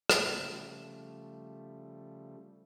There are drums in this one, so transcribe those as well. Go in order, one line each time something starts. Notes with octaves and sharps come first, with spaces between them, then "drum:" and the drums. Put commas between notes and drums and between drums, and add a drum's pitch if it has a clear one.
drum: rim click
C#3 F3 G3 A3